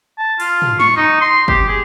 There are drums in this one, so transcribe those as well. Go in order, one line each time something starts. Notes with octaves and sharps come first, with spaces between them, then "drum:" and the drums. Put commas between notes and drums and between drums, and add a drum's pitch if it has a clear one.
A5
F4, drum: open hi-hat
drum: tom
C#6, drum: snare
D#4
C6
G4, drum: kick
G#4